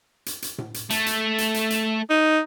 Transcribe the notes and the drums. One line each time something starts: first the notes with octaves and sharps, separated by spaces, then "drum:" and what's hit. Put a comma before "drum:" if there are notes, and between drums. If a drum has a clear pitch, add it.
drum: hi-hat
drum: hi-hat
drum: tom A2
drum: hi-hat
A3, drum: hi-hat
drum: hi-hat
drum: hi-hat
drum: hi-hat
drum: hi-hat
D#4